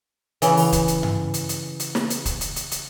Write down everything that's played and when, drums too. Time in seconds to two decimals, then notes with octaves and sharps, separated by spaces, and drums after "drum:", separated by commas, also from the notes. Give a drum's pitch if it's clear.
0.42 C#3 E3, drum: hi-hat
0.57 drum: open hi-hat
0.72 drum: kick, hi-hat
0.88 drum: hi-hat
1.03 drum: tom G2
1.34 drum: hi-hat
1.49 drum: hi-hat
1.80 drum: hi-hat
1.95 drum: snare
2.10 drum: hi-hat
2.25 drum: kick, hi-hat
2.41 drum: hi-hat
2.56 drum: hi-hat
2.71 drum: hi-hat